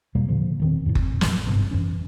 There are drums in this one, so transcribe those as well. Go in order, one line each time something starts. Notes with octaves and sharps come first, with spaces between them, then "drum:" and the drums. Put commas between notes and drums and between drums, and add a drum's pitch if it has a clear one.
E2 B2 G3 A#3
A#2 D3 F3
E1 D#3 C4
F2 A2
drum: kick F#1
drum: snare
G1 G#2 C3
F#2 E3 C#4